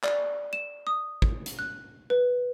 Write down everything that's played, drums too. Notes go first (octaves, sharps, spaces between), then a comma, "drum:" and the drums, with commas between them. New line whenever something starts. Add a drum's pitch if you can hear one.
D5, drum: clap
E7
D#6
drum: kick
drum: hi-hat
F#6
B4